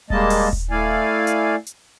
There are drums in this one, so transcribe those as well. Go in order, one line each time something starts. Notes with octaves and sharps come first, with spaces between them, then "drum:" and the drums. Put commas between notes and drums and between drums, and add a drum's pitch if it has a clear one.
G3 G#3 A#3 D#5 A5, drum: kick D#1
drum: open hi-hat
drum: kick D#1
A3 E4 D5 F5 G#5
drum: hi-hat
drum: hi-hat